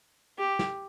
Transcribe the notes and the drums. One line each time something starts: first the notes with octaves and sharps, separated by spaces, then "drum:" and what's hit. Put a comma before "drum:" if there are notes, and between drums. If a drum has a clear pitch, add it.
G4
drum: snare